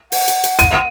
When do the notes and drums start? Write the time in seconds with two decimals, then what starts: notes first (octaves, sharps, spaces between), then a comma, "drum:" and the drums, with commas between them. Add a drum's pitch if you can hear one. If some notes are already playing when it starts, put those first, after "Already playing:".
0.12 F#5, drum: open hi-hat
0.28 drum: hi-hat
0.44 drum: hi-hat
0.59 D#7, drum: hi-hat